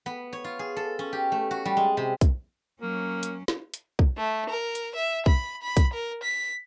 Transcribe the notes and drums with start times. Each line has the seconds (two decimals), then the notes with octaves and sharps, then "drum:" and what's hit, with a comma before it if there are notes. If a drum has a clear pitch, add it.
0.06 B3
0.33 C#5
0.44 F4
0.59 G#4
0.76 A4
0.99 C#4
1.13 G4
1.32 A3
1.51 F#4
1.65 G3
1.77 G#3
1.97 C3
2.21 drum: kick, hi-hat
2.81 F#3 A#3 C#4
3.23 drum: hi-hat
3.48 drum: snare
3.74 drum: hi-hat
3.99 drum: kick
4.17 A3
4.50 A#4
4.75 drum: hi-hat
4.95 E5
5.26 B5, drum: kick
5.62 B5
5.77 drum: kick, hi-hat
5.93 A#4
6.23 B6